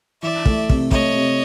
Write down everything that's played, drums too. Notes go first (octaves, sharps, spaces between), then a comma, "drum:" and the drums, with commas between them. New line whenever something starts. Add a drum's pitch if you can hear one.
E3 D5 E5
A3, drum: kick
C3, drum: kick
A3 C#5 D#5, drum: kick
C3